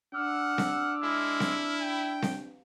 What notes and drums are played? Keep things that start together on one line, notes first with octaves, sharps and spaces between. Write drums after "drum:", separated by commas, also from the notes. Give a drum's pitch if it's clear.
D4 F#5 D6 E6 F6
drum: snare C4
G#3 E4
drum: snare C4
G5
drum: snare C4